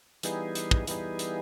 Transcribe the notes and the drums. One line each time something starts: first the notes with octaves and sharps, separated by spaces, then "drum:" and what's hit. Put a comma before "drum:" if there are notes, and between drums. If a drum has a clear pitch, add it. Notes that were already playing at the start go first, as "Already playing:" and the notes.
E3 G3 B3 D#4 G#4, drum: hi-hat
drum: hi-hat
drum: kick
E3 G3 B3 D#4 G#4, drum: hi-hat
drum: hi-hat